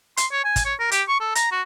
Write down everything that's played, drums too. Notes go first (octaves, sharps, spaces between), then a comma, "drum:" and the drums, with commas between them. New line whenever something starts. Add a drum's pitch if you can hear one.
C6, drum: hi-hat
C#5
G#5
drum: kick, hi-hat
C#5
A#4
G4, drum: hi-hat
C#6
A4
A#5, drum: hi-hat
F#4